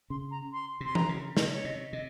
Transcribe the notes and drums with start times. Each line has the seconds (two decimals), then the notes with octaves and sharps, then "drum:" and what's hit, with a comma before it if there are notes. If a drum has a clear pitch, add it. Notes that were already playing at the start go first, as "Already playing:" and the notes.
0.10 C#3 C6
0.31 A#5
0.53 C6
0.80 C3 C6
0.95 A#5, drum: tom E3
1.09 C#3
1.37 C#3 D#5, drum: snare
1.54 C#5
1.65 C3 D#5
1.92 C3 D#5